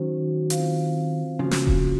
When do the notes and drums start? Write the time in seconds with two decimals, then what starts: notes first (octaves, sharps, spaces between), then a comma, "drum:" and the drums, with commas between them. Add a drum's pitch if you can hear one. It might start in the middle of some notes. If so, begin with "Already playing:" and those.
Already playing: D#3 F#3 C#4 F#4 C5
0.50 C4 F4 C5 F5, drum: hi-hat
1.39 C#3 F3 A#3 C#4 F#4
1.51 drum: snare
1.67 drum: kick D#1